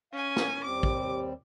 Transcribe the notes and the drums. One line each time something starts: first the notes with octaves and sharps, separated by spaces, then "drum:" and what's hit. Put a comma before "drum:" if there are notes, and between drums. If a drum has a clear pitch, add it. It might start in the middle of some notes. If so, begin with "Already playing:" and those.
C#4 F5 G#5
drum: snare
D#2 G3 C4 D6
drum: kick